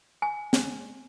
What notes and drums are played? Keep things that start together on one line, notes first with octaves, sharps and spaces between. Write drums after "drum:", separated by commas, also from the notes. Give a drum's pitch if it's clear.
G#5
drum: snare